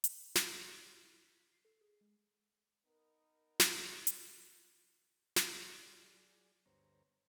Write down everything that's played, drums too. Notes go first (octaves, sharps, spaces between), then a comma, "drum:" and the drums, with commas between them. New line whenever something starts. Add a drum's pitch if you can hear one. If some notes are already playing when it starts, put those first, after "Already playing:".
drum: hi-hat
D4, drum: snare
B5
F#4
G4
E4
B6
C7
A4
G#4
G#3
B3 D#4 A#4
drum: snare
drum: hi-hat
drum: snare
F#3 G#4 D5
D2 G2 B3 C5 C#5 A#5